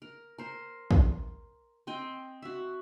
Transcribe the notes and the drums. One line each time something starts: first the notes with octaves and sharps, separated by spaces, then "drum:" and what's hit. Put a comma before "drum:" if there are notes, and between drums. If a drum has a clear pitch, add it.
A#4
A#4 C5
drum: kick
C4 D#5 G5 G#5
F#4 E5